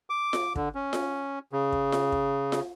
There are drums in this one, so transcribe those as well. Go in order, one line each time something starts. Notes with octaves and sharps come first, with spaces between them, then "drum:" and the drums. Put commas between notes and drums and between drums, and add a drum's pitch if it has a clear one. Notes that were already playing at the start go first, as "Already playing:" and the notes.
D6
drum: snare F4
D3, drum: kick
C#4
drum: snare F4
C#3
drum: kick
drum: snare F4
drum: kick
drum: snare F4